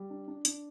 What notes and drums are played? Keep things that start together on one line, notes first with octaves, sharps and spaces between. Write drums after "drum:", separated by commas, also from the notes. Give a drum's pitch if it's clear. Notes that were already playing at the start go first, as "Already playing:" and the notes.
Already playing: G3
D4
D4
D4, drum: hi-hat